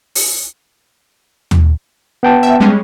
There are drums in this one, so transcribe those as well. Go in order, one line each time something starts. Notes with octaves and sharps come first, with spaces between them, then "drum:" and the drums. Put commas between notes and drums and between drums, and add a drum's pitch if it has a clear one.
drum: open hi-hat
drum: tom D#2
B3 G5 A5
E5
G3 G#3 C#4